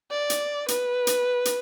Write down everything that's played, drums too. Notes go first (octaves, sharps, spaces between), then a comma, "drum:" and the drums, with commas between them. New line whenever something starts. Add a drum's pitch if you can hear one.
D5
drum: hi-hat
B4, drum: hi-hat
drum: hi-hat
drum: hi-hat